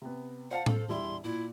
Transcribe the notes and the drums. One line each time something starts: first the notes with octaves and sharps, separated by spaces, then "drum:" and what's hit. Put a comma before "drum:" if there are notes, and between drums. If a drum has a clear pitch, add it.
C3 B3
C5 F5 F#5 A5
A4, drum: tom A2
E1 G3 E4 C6
A#2 E4